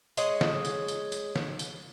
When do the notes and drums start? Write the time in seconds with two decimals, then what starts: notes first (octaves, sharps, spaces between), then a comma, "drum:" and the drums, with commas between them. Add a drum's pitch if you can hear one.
0.17 G#3 G#4 C#5 D#5, drum: tambourine
0.41 drum: snare
0.65 drum: tambourine
0.88 drum: tambourine
1.12 drum: tambourine
1.36 drum: snare
1.59 drum: tambourine